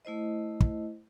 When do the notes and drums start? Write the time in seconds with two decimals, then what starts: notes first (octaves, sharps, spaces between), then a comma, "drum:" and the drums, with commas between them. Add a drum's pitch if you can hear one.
0.05 A3 E4 C5 D#5
0.61 drum: kick